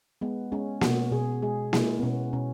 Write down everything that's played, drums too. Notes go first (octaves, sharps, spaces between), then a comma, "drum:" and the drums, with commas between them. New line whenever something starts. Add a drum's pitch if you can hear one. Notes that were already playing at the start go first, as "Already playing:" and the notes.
G#3 B3
G#3 C#4
B2 F#4, drum: snare A#3
B2 G#4
G#3 G#4
G#3 E4, drum: snare A#3
B3
B2 C#4
B2 C#4